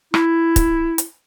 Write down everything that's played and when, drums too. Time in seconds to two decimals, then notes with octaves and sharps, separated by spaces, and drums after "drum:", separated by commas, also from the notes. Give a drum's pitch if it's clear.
0.14 E4, drum: rim click
0.56 drum: kick, hi-hat
0.98 drum: hi-hat